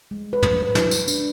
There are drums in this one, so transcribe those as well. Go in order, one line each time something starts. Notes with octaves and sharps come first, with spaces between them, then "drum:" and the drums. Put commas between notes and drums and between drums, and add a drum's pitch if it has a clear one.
G#3
B4
drum: tom
B4
drum: snare
drum: tambourine
D4, drum: tambourine